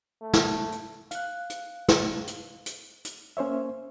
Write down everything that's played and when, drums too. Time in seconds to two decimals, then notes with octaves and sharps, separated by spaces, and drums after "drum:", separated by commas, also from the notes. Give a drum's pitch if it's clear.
0.22 A3
0.33 drum: snare
0.72 drum: hi-hat
1.11 F5 F#6, drum: hi-hat
1.50 drum: hi-hat
1.88 drum: snare
2.27 drum: hi-hat
2.66 drum: hi-hat
3.05 drum: hi-hat
3.37 A#3 C#4 C5 C#5 E5